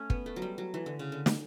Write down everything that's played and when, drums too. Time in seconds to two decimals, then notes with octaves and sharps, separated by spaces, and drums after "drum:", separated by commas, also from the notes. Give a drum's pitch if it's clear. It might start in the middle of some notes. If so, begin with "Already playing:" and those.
Already playing: A3 C#4
0.10 B3, drum: kick
0.26 A3
0.36 F#3
0.42 G3
0.58 F#3
0.74 E3
0.86 D3
0.99 C#3
1.12 D3
1.26 drum: snare